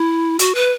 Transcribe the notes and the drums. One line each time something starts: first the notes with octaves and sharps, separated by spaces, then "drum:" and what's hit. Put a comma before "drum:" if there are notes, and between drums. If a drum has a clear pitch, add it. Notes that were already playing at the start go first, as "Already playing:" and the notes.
Already playing: E4
F#4, drum: hi-hat
B4